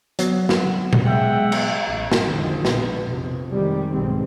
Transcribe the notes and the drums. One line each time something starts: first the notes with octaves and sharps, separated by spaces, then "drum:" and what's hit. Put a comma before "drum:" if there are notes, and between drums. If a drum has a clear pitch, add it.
F#3 B3, drum: hi-hat
drum: snare
drum: tom A#2
G#3 E5 F#5 G5
drum: cymbal
A1
drum: snare
F2 D3 D#3 F3 G#3
A#1 B2 D3 B3, drum: snare
F2 C3
F2 C3 D#3 G3 G#3
B1 G#2 G#3 C4